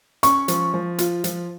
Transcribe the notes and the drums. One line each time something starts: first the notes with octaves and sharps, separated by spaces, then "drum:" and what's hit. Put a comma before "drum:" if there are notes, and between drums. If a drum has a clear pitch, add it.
C#4 C#6, drum: hi-hat
F3, drum: hi-hat
F3
F4, drum: hi-hat
F3, drum: hi-hat